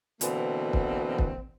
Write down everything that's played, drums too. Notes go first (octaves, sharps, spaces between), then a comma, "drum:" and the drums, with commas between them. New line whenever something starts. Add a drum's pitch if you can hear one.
B2 D3 E3 A#3 C4, drum: hi-hat
drum: kick
drum: kick